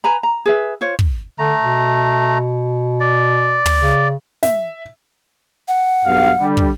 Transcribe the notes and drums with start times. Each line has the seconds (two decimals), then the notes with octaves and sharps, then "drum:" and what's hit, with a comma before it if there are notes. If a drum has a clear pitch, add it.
0.04 B4 G#5 A#5 B5
0.23 A#5
0.46 G#4 B4 E5
0.81 F4 C5 C#5
0.99 drum: kick
1.38 D3 A3 A#5
1.61 B2
3.00 D5
3.66 drum: tom
3.82 C#3
4.43 E5, drum: snare
5.68 F#5
6.05 B1 G2 F5
6.41 D3 G3
6.57 drum: kick